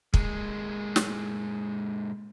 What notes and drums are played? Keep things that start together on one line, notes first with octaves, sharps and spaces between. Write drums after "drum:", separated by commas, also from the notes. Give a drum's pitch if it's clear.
A#2 G#3, drum: kick
drum: snare